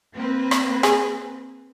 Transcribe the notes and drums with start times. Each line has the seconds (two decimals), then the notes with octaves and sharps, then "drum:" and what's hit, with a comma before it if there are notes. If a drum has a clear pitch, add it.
0.13 A#3 C4 B4
0.51 drum: rim click
0.83 G#4, drum: rim click